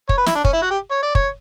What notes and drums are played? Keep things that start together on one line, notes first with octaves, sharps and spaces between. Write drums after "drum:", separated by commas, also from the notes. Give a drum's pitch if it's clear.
C#5, drum: kick
B4
E4, drum: snare
D4
C#4, drum: kick
E4
F#4
G4
C#5
D5
C#5, drum: kick